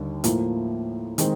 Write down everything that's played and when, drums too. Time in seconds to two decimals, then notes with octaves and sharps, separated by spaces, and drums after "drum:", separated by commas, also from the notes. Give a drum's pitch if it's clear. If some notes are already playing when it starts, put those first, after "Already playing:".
Already playing: D#2 D3 G3
0.24 A2 F3 A#3, drum: hi-hat
1.18 D#3 G#3 C4, drum: hi-hat